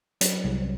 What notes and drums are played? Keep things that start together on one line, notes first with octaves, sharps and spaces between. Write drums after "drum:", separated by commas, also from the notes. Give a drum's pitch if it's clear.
F#3, drum: hi-hat
C2